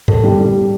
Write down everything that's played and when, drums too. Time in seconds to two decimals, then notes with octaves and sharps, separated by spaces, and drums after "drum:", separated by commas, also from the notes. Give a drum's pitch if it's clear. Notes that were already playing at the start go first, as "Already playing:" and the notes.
0.08 A4, drum: tom G#2
0.24 G3
0.40 G3
0.55 G4